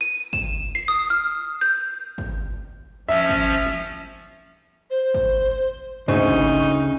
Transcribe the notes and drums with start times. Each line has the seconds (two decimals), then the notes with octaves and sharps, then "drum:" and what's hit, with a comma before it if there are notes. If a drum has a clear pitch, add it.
0.01 D#7
0.33 E7, drum: kick
0.75 C7
0.88 D#6
1.10 F6
1.61 G6
2.18 drum: kick
3.09 F3 C#4 E5
3.29 drum: kick
3.66 drum: snare
4.90 C5
5.14 drum: kick
6.08 D2 C#3 D#4 C5 C#6
6.26 drum: kick
6.63 drum: snare